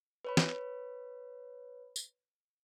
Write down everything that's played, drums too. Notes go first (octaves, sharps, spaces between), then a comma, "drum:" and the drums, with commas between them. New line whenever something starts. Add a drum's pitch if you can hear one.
B4 C#5 B5
drum: snare
drum: tambourine